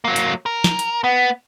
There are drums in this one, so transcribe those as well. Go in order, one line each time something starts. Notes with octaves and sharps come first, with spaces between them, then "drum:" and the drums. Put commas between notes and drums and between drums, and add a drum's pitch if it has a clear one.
F#3 A#3
drum: hi-hat
A#4
drum: snare
drum: hi-hat
B3